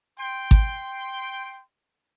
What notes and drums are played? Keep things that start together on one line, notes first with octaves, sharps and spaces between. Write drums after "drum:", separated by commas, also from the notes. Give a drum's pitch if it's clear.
G5 C6
drum: kick G#1